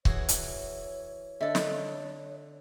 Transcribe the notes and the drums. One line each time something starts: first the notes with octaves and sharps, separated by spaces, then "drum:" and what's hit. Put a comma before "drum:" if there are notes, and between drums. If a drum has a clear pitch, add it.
E3 F#4 G#4 C#5, drum: kick C#1
drum: hi-hat
D3 A4 D#5 E5
drum: snare